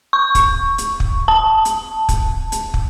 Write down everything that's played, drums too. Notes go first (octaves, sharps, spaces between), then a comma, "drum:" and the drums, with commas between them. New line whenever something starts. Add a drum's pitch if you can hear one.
C#6
drum: kick, hi-hat
drum: hi-hat
drum: kick
A5
drum: hi-hat
drum: kick, hi-hat
drum: hi-hat
drum: kick